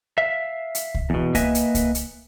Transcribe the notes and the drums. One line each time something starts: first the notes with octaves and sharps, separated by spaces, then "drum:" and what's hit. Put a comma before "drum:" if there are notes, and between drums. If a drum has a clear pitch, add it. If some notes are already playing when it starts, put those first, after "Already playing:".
E5 F5
drum: hi-hat
drum: kick C2
E2 B2
A#3 B4 D#5 E5 G#5, drum: kick C2, hi-hat
drum: hi-hat
drum: kick C2, hi-hat
drum: hi-hat